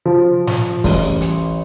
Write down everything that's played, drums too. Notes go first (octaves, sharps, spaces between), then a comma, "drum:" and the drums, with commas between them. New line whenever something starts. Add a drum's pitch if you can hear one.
F3
drum: snare
A1, drum: kick, open hi-hat
drum: hi-hat